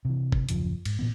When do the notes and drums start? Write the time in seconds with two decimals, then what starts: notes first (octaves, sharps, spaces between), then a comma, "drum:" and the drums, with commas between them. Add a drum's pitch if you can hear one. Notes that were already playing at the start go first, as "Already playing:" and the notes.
0.05 C3 E3
0.32 drum: kick
0.49 D#1 F#2 C#3 F3, drum: hi-hat
0.85 G#2, drum: cymbal
0.99 A#2 E3 B3